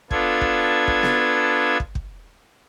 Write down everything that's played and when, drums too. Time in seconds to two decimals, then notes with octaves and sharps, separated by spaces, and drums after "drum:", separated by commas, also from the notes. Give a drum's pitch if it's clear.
0.11 B3 D4 F4 A4 G#6, drum: kick
0.41 drum: kick
0.88 drum: kick
1.03 drum: snare B3
1.80 drum: kick
1.95 drum: kick